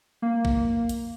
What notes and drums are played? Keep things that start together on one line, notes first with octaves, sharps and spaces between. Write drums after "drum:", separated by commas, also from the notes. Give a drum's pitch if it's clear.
A#3
drum: kick A1
drum: hi-hat